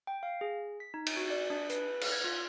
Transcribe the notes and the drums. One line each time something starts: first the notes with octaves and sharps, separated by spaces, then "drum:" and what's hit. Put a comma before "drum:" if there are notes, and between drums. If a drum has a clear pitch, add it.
G5
F5
G#4
B6
D#4
drum: cymbal
F#4
D5
D4
B4, drum: hi-hat
B4
drum: cymbal
G#6
F4